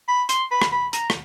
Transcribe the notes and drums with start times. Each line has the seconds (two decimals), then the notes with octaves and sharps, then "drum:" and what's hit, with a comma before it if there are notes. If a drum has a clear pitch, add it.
0.09 B5
0.29 C6, drum: hi-hat
0.51 B5
0.62 drum: rim click
0.72 B5
0.93 A#5, drum: hi-hat
1.10 drum: rim click